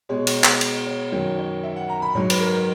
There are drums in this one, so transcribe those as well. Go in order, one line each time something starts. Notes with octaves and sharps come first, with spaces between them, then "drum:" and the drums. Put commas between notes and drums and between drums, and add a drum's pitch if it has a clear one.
B2 G#3 C#5
drum: cymbal
drum: clap
drum: cymbal
C#5
F#2 D#3 F#3 C#5
C#5
E5
F#5
A#5
B5
G#2 F#3 C#5
B4, drum: cymbal
A#4